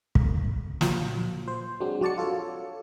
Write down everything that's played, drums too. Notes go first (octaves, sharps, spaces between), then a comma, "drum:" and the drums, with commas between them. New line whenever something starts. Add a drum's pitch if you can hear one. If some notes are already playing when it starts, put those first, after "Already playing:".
drum: kick
A#2 F3 F#3, drum: snare
C5
F#3 G#3 C4 D4
F#3 F#4 D5 A5 C#7
F4 A4 C#5